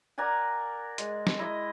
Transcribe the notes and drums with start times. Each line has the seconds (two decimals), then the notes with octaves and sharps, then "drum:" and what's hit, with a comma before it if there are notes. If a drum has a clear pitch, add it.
0.18 A#4 D5 F#5 G#5
0.98 G#3, drum: hi-hat
1.27 drum: snare
1.39 E4 D#5